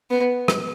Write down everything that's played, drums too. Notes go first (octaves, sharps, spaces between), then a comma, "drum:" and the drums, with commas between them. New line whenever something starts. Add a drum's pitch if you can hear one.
B3
drum: rim click